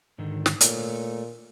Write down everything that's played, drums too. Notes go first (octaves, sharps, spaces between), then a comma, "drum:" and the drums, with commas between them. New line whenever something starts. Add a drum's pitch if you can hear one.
G#2 D3 D#3
drum: snare
A#2 A3 C#5, drum: hi-hat